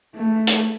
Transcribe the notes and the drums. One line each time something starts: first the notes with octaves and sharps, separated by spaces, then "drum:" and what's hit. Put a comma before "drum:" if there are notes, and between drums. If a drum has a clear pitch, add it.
A3
drum: hi-hat